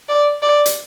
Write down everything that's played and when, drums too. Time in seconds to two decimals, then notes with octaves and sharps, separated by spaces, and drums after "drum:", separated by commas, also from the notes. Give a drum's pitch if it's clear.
0.09 D5
0.43 D5
0.66 drum: hi-hat